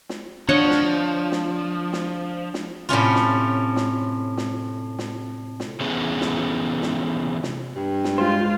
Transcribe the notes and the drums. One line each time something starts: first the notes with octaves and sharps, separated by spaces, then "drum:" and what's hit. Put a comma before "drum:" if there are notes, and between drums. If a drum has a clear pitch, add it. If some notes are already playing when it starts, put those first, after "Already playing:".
drum: snare
F3 D4 C#5 D#5 F#5
drum: snare
drum: snare
drum: snare
drum: snare
A2 C3 C#4 F4
drum: snare
drum: snare
drum: snare
drum: snare
drum: snare
C3 E3 A3 B3 C#4 G#4
drum: snare
drum: snare
drum: snare
G2
drum: snare
G#3 F4 C5